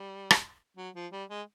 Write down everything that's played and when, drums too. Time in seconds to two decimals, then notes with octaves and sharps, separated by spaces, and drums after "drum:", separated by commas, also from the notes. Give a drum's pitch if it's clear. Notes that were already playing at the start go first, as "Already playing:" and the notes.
Already playing: G3
0.31 drum: rim click
0.77 F#3
0.94 F3
1.12 G3
1.29 G#3